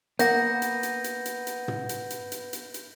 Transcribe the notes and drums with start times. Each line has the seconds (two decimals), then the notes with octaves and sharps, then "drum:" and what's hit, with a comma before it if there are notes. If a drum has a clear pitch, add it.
0.19 A#3 B3 F#5 G6 A#6, drum: hi-hat
0.62 drum: hi-hat
0.83 drum: hi-hat
1.04 drum: hi-hat
1.26 drum: hi-hat
1.47 drum: hi-hat
1.68 drum: tom
1.89 drum: hi-hat
2.10 drum: hi-hat
2.32 drum: hi-hat
2.53 drum: hi-hat
2.74 drum: hi-hat